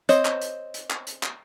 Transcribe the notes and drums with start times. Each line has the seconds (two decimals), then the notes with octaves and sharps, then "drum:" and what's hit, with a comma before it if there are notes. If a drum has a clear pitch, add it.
0.09 C4 C5 C#5 D#5, drum: hi-hat
0.25 drum: clap
0.42 drum: hi-hat
0.74 drum: hi-hat
0.90 drum: clap
1.07 drum: hi-hat
1.23 drum: clap